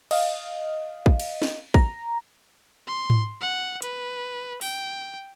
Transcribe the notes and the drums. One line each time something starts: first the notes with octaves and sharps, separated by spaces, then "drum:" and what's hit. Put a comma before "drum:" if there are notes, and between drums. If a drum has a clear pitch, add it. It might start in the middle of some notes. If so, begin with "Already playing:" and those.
D#5 F5, drum: cymbal
drum: kick
drum: cymbal
drum: snare
A#5, drum: kick
C6
drum: tom G#2
F#5
B4, drum: hi-hat
G5, drum: open hi-hat